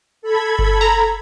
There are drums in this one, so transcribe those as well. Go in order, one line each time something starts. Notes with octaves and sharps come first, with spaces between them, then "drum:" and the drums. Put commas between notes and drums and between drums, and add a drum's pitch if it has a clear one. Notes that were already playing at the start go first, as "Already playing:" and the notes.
A4 B5 G#6
drum: kick G1
A#5